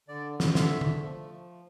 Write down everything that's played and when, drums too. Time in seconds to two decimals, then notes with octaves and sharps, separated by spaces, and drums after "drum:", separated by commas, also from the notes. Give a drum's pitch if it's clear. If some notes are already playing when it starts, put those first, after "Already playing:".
0.08 D3 D5
0.40 D3, drum: snare
0.55 E5, drum: snare
0.70 A3
0.81 drum: tom
1.01 F3